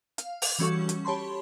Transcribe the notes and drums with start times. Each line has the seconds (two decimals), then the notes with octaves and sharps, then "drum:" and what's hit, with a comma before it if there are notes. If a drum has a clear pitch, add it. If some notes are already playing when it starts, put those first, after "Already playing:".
0.18 F5, drum: hi-hat
0.42 drum: open hi-hat
0.59 E3 G3 C#4 F#4 A4 C#6
0.89 drum: hi-hat
1.05 G4 C#5 A5 B5 C6